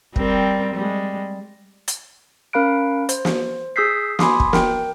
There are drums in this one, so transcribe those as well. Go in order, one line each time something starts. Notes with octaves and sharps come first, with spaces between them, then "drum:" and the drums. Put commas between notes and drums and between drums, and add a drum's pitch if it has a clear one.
G3 C4 A#4, drum: kick
G3 G#3
drum: hi-hat
C#4 A#4 F5 B5 F#6 D7
C5, drum: hi-hat
drum: snare
G#4 D#6 E6 G6 B6 C7
G#5 B5 C6 D6 D#6, drum: snare
drum: kick
A#4 G5, drum: snare